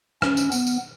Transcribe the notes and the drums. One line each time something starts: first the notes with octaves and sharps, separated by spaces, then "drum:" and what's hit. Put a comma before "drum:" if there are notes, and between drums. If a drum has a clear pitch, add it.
C#4, drum: rim click
drum: tambourine
B3, drum: tambourine
drum: tambourine